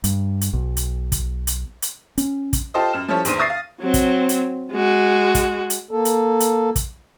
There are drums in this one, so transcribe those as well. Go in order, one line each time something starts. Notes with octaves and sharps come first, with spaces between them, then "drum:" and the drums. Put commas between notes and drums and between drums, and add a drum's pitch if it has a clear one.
G2, drum: hi-hat
drum: hi-hat
B1
drum: hi-hat
drum: kick, hi-hat
drum: hi-hat
drum: hi-hat
C#4, drum: hi-hat
drum: kick, hi-hat
F4 G4 A4 C5 D#5
F#2 F6 E7
F3 G3 C#4 E4 A4 C#5
A#1 E2 D#3 C5 D#7, drum: hi-hat
E5 C#6 D#6 A6 A#6 C7
F5
F#3 C4
drum: kick, hi-hat
drum: hi-hat
G#3 F#4
drum: kick, hi-hat
drum: hi-hat
A#3 A4
drum: hi-hat
drum: hi-hat
drum: kick, hi-hat